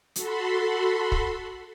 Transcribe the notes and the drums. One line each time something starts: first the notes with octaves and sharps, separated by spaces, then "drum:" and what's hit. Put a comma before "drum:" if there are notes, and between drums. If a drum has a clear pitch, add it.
F#4 A4 B5 C6, drum: hi-hat
drum: kick